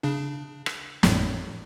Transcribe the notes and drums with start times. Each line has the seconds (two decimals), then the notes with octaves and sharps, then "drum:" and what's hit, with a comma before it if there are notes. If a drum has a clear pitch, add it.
0.03 C#3 D4
0.66 drum: rim click
1.03 G#1 F2 A2, drum: snare